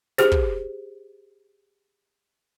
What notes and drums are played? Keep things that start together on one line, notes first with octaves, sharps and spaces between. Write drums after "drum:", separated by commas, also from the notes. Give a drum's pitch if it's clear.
G4 G#4 C5, drum: snare
drum: kick